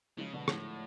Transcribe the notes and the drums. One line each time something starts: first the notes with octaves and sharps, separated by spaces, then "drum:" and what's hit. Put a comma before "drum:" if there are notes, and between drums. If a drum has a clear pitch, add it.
C#3 F3 G#3
B2 D3 F#3
A2 F3, drum: rim click